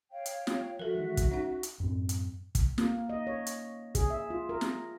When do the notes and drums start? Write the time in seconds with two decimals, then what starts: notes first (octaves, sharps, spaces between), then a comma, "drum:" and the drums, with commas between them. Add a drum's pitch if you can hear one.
0.11 C#5 F5 G5
0.26 drum: hi-hat
0.47 F4, drum: snare
0.79 F3 F#4 A4 A#4 E5
0.95 D#3 E3 G#3
1.17 drum: kick, hi-hat
1.31 C#4 D#4 F#5
1.63 drum: hi-hat
1.80 F#2 A2 C4
2.09 drum: hi-hat
2.55 drum: kick, hi-hat
2.78 A#3, drum: snare
3.09 D#5
3.27 C#5
3.47 drum: hi-hat
3.95 G#4, drum: kick, hi-hat
4.10 E5
4.30 F4
4.49 A#4
4.61 drum: snare